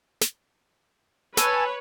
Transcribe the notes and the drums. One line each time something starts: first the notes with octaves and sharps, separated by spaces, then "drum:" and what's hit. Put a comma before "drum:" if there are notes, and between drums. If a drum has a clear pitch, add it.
drum: snare
A4 B4 C#5 G#5, drum: snare